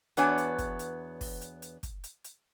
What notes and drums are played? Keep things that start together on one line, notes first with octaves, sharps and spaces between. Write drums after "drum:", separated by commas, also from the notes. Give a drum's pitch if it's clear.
E2 B3 D4 F#4 C#5 G#5, drum: hi-hat
drum: hi-hat
drum: kick, hi-hat
drum: hi-hat
drum: kick, open hi-hat
drum: hi-hat
drum: hi-hat
drum: kick, hi-hat
drum: hi-hat
drum: hi-hat